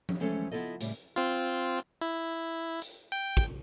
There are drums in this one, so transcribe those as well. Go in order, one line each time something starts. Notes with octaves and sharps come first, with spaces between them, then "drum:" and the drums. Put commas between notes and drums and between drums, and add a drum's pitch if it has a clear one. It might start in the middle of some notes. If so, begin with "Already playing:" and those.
drum: tom F3
E3 G#3 A3 C4 C#4 A4
B3 E4 F4 A4 D#5
A2 C#3 G3, drum: hi-hat
C4 F4
E4
drum: hi-hat
G5
drum: kick